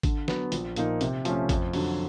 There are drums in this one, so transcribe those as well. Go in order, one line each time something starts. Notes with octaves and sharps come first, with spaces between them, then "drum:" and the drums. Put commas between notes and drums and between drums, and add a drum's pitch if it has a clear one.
D3, drum: kick G#1, hi-hat
F#3 B3, drum: snare
A#1, drum: hi-hat
A#2 F3 A#3 D#4, drum: hi-hat
C3, drum: hi-hat
F3 A3 C#4, drum: hi-hat
F2, drum: kick G#1, hi-hat
D3 F#3, drum: open hi-hat